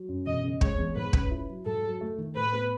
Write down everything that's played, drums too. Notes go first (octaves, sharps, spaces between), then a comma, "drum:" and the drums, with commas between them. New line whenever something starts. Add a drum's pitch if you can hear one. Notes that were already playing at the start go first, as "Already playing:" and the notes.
Already playing: F#3
F#2
E1 D#5
C#3
G#3 C#5, drum: kick
E2
G#2 B4
C#4, drum: kick
E4
F#3
G#2 A4
F#3
A3
D#3
A2 B4
B3